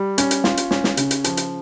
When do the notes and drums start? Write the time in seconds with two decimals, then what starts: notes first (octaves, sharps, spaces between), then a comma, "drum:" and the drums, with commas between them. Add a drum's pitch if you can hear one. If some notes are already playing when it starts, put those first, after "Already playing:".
Already playing: G3
0.18 C#4, drum: hi-hat
0.31 drum: hi-hat
0.44 F4, drum: snare
0.57 drum: hi-hat
0.71 C#4, drum: snare
0.84 drum: snare
0.97 C#3, drum: hi-hat
1.11 drum: hi-hat
1.24 F3, drum: hi-hat
1.37 drum: hi-hat